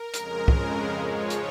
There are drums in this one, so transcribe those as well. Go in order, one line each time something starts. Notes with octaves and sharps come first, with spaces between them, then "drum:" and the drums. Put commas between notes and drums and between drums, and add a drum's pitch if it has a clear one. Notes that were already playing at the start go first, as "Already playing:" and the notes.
Already playing: A#4
F2 C#3 G#3, drum: hi-hat
drum: kick
G#2 F3 G#3 C#5
drum: hi-hat